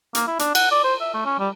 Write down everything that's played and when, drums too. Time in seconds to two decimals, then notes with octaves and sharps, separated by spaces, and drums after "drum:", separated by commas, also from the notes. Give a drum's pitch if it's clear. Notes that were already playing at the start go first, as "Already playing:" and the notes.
0.15 A#3, drum: hi-hat
0.27 E4
0.39 D4, drum: hi-hat
0.55 F#5, drum: cymbal
0.71 D5
0.84 C5
1.01 E5
1.14 A3
1.25 C#4
1.39 G3